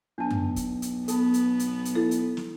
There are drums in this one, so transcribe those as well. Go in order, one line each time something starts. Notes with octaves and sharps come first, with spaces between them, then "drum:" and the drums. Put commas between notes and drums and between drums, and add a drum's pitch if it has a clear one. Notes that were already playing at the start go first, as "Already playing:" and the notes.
B1 D4 A5
drum: tom F#2
drum: kick, hi-hat
drum: hi-hat
B3 A4 A5 B5, drum: hi-hat
drum: hi-hat
drum: hi-hat
drum: hi-hat
E4 A4
drum: hi-hat
drum: snare